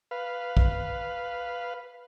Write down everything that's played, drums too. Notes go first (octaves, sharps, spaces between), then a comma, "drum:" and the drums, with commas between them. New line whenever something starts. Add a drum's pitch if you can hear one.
B4 F5
drum: kick B1